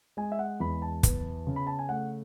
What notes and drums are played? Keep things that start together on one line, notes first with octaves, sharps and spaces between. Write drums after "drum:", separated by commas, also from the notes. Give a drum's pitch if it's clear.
G#3 G#5
E5
F#5
E2 B5
A5
B3, drum: kick, hi-hat
C#3
B5
A5
G#5
A3 F#5